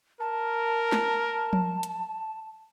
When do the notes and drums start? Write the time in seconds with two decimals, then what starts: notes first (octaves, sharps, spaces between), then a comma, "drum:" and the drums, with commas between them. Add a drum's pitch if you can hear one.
0.20 A#4 A5
0.92 drum: snare
1.53 drum: tom F3
1.83 drum: hi-hat